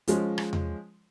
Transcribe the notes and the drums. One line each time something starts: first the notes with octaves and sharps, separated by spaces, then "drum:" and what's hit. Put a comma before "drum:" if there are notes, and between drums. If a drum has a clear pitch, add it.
F3 G#3 C#4, drum: hi-hat
drum: rim click
drum: tom E2